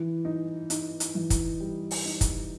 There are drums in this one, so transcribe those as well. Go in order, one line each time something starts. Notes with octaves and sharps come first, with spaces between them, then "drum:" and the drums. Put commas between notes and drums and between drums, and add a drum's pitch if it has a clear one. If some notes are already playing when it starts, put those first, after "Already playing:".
Already playing: E3
D#4
D#4, drum: hi-hat
drum: hi-hat
E3
drum: kick, hi-hat
G3
drum: open hi-hat
D#4
drum: kick, hi-hat